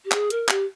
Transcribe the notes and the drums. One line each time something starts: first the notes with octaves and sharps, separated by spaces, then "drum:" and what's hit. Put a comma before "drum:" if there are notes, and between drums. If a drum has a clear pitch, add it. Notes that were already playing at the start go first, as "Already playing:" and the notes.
G4
G#4, drum: clap
A#4, drum: hi-hat
G4, drum: clap